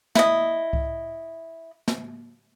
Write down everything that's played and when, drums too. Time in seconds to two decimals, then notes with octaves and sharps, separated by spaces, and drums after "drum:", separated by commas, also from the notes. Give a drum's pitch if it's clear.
0.15 E4 D#5, drum: snare
0.73 drum: kick C2
1.88 drum: snare